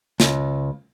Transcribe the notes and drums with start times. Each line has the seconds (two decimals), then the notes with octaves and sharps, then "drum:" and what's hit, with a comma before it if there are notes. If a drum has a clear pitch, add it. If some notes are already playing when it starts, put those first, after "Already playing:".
0.20 C#2, drum: snare